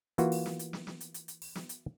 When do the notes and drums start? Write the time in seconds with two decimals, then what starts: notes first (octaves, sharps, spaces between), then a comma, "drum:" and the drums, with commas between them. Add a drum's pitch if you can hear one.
0.18 E3 A#3 F4 F#4, drum: hi-hat
0.32 drum: open hi-hat
0.46 drum: snare
0.59 drum: hi-hat
0.73 drum: snare
0.87 drum: snare
1.01 drum: hi-hat
1.14 drum: hi-hat
1.28 drum: hi-hat
1.42 drum: open hi-hat
1.55 drum: snare
1.69 drum: hi-hat